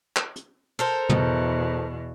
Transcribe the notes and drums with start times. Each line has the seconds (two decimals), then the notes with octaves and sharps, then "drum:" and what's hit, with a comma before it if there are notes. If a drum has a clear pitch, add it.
0.16 drum: clap
0.36 drum: hi-hat
0.79 A4 A#4 C5
1.09 E2 B2, drum: tom